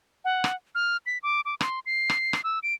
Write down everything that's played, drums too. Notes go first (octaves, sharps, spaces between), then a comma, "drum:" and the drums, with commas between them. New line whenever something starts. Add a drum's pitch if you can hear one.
F#5
drum: rim click
F6
B6
D6
D6
C6, drum: rim click
C7
drum: rim click
drum: rim click
E6
D7